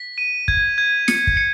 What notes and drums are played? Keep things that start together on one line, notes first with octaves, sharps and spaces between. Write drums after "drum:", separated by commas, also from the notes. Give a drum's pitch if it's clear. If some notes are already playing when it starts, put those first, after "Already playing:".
Already playing: B6
D#7
G#6, drum: kick
G#6
C#7, drum: snare
drum: kick
C#7